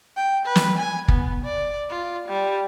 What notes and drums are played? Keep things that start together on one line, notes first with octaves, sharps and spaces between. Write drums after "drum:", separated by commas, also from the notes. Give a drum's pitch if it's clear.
G5
B4
drum: snare
G#5
B3, drum: kick
D5
F4
G3